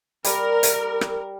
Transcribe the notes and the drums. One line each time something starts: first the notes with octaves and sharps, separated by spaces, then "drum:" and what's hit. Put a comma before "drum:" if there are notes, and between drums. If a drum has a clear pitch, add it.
G3 A#4, drum: hi-hat
drum: hi-hat
drum: rim click